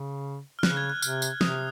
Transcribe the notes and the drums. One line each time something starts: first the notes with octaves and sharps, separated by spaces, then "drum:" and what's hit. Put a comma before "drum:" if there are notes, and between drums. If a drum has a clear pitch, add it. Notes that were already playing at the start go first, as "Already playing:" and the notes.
Already playing: C#3
F6
C#3 F#6, drum: snare
G#6
F#6
C3 F6, drum: tambourine
drum: tambourine
C3 D#6, drum: snare